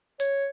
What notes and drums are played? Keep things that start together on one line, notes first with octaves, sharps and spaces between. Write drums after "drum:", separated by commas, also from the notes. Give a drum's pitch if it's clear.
C#5, drum: hi-hat